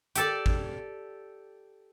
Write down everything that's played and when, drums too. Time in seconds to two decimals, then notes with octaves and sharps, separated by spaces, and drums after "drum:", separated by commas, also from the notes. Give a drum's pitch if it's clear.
0.15 G4 A4 D5, drum: hi-hat
0.46 drum: kick